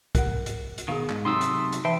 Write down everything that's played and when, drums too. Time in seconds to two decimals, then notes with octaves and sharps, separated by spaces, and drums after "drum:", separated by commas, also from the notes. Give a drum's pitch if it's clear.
0.15 A#4 F#5, drum: kick, hi-hat
0.46 drum: hi-hat
0.78 drum: hi-hat
0.88 B2 D#3 G#4 F5
1.10 G#2, drum: clap
1.25 C3 F#3 A3 D#4 C6 D#6 E6
1.41 drum: hi-hat
1.73 drum: hi-hat
1.85 E3 C5 E5 G5 A5